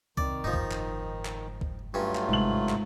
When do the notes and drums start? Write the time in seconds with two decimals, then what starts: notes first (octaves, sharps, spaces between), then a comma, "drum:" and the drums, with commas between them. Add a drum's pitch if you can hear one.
0.17 C2 D#3 C4 D5, drum: kick C2
0.44 F#1 G#2 F3 D#4
0.53 drum: kick C2
0.71 drum: clap
1.25 drum: clap
1.61 drum: kick C2
1.94 G2 F#3 A3 C#4 F4
2.15 drum: clap
2.29 G1 G#2 C3 F#7
2.69 drum: clap